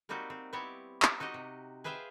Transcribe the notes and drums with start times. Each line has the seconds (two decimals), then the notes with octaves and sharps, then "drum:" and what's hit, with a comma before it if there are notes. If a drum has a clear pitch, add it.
0.09 G3 A#3 C4 D#4 F#4 G4
0.30 C4
0.53 B3 C4 E4 G4 C#5 D5
1.02 drum: clap
1.20 D#4 F#4 G4 D#5
1.34 C3
1.84 G#4 B4 C5 E5 F5 G5